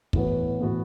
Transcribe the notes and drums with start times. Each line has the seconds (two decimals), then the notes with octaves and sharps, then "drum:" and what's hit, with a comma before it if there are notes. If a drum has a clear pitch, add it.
0.13 A2 E3 B3 F#4 B4, drum: kick
0.60 A2 E3 B3 F#4 B4